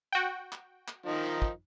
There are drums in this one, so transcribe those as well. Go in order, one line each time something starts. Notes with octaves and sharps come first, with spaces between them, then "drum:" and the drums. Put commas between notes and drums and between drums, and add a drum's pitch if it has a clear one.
F#4 G5
drum: clap
drum: clap
D#3 F3 D#4
drum: kick